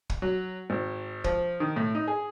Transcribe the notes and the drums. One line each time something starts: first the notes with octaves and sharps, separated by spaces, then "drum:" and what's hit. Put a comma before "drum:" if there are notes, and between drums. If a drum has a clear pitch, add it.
drum: kick
F#3
G#1
F3, drum: kick
D#3
A2
D#4
G#4